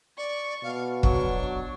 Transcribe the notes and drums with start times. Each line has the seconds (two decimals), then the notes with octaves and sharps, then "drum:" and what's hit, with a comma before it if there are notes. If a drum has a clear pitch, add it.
0.18 D5 C#6
0.63 B2 F5
1.03 F#3 D4 C#6, drum: kick